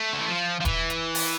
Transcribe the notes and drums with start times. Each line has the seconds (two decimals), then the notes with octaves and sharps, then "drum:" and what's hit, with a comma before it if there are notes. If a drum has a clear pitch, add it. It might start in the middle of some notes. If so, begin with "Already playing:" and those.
Already playing: A3
0.13 D3
0.20 E3
0.28 F3
0.60 F3
0.65 E3, drum: kick D#1, hi-hat
0.90 drum: hi-hat
1.15 drum: open hi-hat